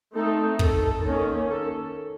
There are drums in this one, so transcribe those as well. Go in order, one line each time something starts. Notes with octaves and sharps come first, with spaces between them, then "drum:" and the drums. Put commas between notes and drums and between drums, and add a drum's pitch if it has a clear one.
A3 C4 D#4 A4
A4, drum: kick
D#3 A#3 C#4
A4